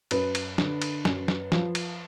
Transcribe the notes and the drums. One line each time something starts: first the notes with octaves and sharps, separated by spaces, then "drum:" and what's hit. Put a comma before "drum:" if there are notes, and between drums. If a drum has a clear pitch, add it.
F#2 B4, drum: cymbal
drum: cymbal
D3, drum: snare
drum: cymbal
F#2, drum: snare
drum: snare
F3, drum: snare
drum: cymbal